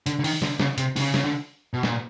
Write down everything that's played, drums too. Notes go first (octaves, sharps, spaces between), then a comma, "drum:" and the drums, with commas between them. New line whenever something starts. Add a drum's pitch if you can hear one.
D3, drum: hi-hat
D3
D#3, drum: open hi-hat
D3, drum: snare
C#3, drum: snare
C3, drum: hi-hat
C3, drum: open hi-hat
C#3
C#3, drum: snare
D3
B2
A#2, drum: snare